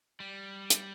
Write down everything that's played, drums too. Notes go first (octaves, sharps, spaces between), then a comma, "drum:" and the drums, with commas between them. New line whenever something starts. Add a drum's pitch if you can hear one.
G3
drum: hi-hat